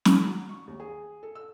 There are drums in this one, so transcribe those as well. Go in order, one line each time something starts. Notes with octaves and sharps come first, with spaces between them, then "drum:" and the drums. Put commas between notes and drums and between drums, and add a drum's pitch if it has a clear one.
drum: snare
F#3
C#6
D#2
G#4
A4
E6